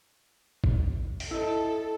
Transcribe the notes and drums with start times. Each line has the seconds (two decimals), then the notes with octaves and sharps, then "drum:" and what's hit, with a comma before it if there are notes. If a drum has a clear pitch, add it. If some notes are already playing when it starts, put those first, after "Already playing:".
0.64 drum: kick G1
1.20 drum: open hi-hat
1.31 E4 A4 D#5